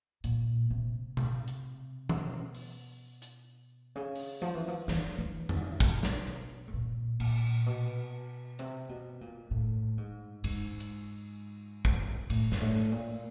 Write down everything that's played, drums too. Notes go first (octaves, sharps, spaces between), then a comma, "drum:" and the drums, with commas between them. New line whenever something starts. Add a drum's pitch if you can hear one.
A#2, drum: hi-hat
C3
C3, drum: tom B2
drum: hi-hat
B2, drum: tom E3
drum: open hi-hat
drum: hi-hat
C#3
drum: open hi-hat
F3
E3
F3
E3, drum: snare
E3
D#3, drum: tom F2
B2, drum: kick
drum: snare
A2
A#2
A#2, drum: cymbal
B2
C3, drum: hi-hat
B2
A#2
A2
G#2
G#2, drum: cymbal
drum: hi-hat
drum: kick
A2, drum: cymbal
G#2, drum: snare
A2
A#2